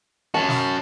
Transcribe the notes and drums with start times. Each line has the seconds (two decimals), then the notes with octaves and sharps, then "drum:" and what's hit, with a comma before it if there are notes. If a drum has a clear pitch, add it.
0.34 C#4 F#4 A5
0.49 drum: snare